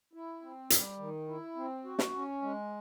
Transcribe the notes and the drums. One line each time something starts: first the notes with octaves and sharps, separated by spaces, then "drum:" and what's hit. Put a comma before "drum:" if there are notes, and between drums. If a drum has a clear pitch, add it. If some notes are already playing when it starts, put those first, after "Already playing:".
E4
C4
G3, drum: hi-hat
D#3
E4
C4
F#4
drum: snare
C#4
G#3